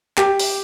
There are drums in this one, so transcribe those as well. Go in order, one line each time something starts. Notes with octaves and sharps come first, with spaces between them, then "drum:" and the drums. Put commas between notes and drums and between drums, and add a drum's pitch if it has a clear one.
G4, drum: clap
drum: open hi-hat